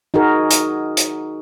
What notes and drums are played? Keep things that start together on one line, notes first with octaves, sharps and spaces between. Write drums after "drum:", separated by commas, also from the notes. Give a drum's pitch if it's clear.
D#4 F#4 G#4 A#4
drum: hi-hat
drum: hi-hat